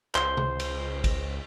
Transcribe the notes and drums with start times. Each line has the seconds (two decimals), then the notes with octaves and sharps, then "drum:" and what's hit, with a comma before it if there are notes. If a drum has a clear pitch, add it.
0.15 C#2 C5 C6, drum: clap
0.37 drum: tom C3
0.60 drum: cymbal
1.04 drum: kick G#1, cymbal